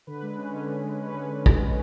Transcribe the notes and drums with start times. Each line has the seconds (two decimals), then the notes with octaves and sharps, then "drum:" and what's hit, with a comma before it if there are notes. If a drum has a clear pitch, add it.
0.07 D3 B4
0.23 G#3
0.38 C#4
0.54 D3
0.69 D3
0.83 G#3
0.99 C#4 B4
1.14 D3
1.30 D3
1.46 G#3, drum: kick
1.62 C#4